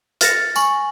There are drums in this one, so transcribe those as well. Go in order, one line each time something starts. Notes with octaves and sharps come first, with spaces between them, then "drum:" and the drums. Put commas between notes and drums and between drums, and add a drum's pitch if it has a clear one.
F6 A6 A#6 C#7, drum: hi-hat
G#5 C#6 F#7, drum: tambourine